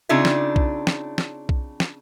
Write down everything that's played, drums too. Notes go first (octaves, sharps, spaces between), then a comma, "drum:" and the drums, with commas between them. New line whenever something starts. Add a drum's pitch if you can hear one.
C#3 C4 D4 D#4 F4 E5
drum: snare
drum: kick B1
drum: snare
drum: snare
drum: kick B1
drum: snare